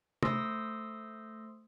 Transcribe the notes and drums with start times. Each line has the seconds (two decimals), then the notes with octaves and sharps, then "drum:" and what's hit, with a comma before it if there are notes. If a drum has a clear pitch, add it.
0.23 A3 C5 C6 D#6 E6 A#6, drum: tom